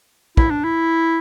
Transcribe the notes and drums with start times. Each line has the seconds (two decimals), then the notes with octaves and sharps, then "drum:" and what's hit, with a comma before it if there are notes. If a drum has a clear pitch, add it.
0.37 E4, drum: kick
0.51 D4
0.64 E4